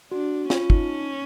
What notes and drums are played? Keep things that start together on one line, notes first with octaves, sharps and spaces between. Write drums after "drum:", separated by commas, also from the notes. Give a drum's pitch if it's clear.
D4 F#4
C#4 F4, drum: snare
D#4, drum: kick